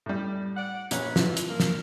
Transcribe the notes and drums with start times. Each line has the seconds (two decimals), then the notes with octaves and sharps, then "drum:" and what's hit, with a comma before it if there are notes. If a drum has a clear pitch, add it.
0.06 A2 G3
0.57 D5 F#5
0.91 A#1 A#2 B4 C#5, drum: hi-hat
1.16 E3 F3, drum: snare
1.37 drum: hi-hat
1.48 A#3
1.60 drum: snare